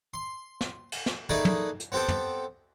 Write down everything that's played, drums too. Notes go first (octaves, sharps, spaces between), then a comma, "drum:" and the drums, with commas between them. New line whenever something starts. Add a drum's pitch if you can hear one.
C6
drum: snare
drum: cymbal
drum: snare
A3 A#3 D#4 G#4 B4 D5
drum: tom
drum: hi-hat
B3 C4 G4 A4 G5
drum: tom